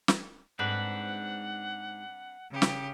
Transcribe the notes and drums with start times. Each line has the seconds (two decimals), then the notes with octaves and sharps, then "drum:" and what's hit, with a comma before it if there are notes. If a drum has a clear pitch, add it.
0.08 drum: snare
0.59 G#2 C4 D4 B4 F#5
2.50 C#3 G4
2.62 drum: snare